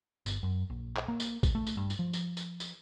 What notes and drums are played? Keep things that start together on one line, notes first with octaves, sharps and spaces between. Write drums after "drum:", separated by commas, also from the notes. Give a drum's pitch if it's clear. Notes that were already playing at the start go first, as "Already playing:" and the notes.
G1, drum: tambourine
F#2
A#1
drum: clap
A#3
drum: tambourine
drum: kick A1, tambourine
A3
drum: tambourine
G2
drum: tambourine
F3
drum: tambourine
drum: tambourine
drum: tambourine